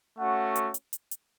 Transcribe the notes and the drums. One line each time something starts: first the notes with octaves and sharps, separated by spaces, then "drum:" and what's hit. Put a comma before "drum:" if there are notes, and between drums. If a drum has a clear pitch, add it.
A3 C#4 F#4 F#5
drum: hi-hat
drum: hi-hat
drum: hi-hat
drum: hi-hat